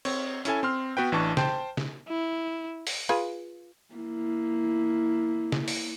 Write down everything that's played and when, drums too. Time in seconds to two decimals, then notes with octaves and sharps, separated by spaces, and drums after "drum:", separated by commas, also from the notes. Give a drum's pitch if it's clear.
0.05 C4 C#5, drum: cymbal
0.45 C#4 E4 A4 G#5, drum: hi-hat
0.63 C4 C6 F6
0.97 B3 F#4 B4 G5
1.12 A1 E3 D4 A5 C#6
1.37 C5 G5 A5, drum: snare
1.77 drum: snare
2.09 E4
2.87 drum: open hi-hat
3.09 F4 G#4 B4
3.95 A#3 E4
5.52 drum: snare
5.68 drum: open hi-hat